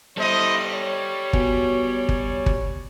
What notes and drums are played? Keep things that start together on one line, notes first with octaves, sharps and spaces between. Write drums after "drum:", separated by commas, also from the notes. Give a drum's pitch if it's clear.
G3 E4 A4 C5 D#5
C#5
B3 F#4 G#5, drum: kick
drum: kick
drum: kick